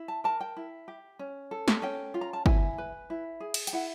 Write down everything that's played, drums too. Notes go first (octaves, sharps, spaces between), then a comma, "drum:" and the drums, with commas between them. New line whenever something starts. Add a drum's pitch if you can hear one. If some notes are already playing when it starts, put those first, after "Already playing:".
Already playing: E4
A5
A#4 A5
G5
E4
G4
C#4
A4
drum: snare
C#4 G5
F4
A#5
A5
E4 G#5, drum: kick
B4
E4
G#4
drum: cymbal
G5, drum: hi-hat
E4 F#5